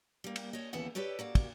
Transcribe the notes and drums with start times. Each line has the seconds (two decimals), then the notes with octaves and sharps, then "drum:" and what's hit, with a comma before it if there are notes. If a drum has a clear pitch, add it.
0.24 G3 A#3
0.36 drum: cymbal
0.53 C#5 D#5
0.73 D#2 C#3 E3 B3 A4 F#5
0.95 G4 A4 B4 C#5 D5
1.19 A#3 F#4 D5
1.35 drum: kick, cymbal